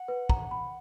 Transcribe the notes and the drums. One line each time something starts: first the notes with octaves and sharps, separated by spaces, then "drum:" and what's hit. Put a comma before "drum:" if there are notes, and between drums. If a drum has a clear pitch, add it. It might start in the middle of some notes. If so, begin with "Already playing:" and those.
Already playing: F#5
B4
A#5, drum: kick
B5